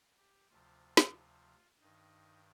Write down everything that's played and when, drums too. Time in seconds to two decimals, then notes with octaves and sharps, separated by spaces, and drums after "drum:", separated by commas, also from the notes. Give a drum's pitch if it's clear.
0.18 G4
0.50 D2 C3 F3 F4
0.97 drum: snare
1.81 G2 D#3 D#4